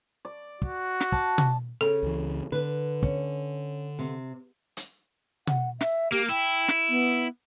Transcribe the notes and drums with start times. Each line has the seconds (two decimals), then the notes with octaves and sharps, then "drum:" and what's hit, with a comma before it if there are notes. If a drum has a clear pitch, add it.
0.25 D5
0.62 F#4, drum: kick
1.00 drum: snare
1.12 A5, drum: kick
1.38 drum: tom B2
1.81 C#3 A4
2.03 C#2 E3
2.52 D3 B4
3.03 C#4, drum: kick
3.99 C3
4.77 drum: hi-hat
5.47 F#5, drum: tom B2
5.81 E5, drum: snare
6.12 A#3 G4
6.29 E4 G5
6.68 drum: snare
6.89 B3